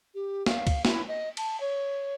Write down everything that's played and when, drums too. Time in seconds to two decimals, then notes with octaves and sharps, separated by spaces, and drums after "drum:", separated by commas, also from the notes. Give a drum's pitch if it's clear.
0.14 G4
0.46 F5, drum: snare
0.67 drum: kick C#2, cymbal
0.85 E4, drum: snare
1.08 D#5
1.37 A5, drum: cymbal
1.60 C#5